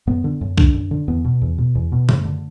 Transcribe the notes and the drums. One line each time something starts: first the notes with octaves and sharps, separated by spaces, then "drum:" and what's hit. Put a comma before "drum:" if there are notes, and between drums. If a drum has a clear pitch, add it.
F#2 B3
D3
F#2
D3 D4, drum: kick B1
F#2
D3
E2 B3
B2
E2
B2
E2
B2
F#2 A3, drum: tom C#3
D3